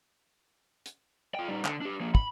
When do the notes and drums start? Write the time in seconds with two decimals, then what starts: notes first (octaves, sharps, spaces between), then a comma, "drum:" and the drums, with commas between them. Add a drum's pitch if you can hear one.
0.86 drum: hi-hat
1.35 F4 G5
1.48 G3 D#4
1.65 D3, drum: clap
1.81 D4 G4
2.00 F3 A#3
2.15 B5, drum: kick